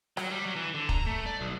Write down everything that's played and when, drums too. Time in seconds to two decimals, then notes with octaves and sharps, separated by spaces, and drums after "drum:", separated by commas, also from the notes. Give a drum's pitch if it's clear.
0.17 F#3, drum: rim click
0.31 G3
0.44 F#3
0.56 E3
0.74 D3
0.89 A#5, drum: kick
1.07 A3
1.26 D5
1.41 B1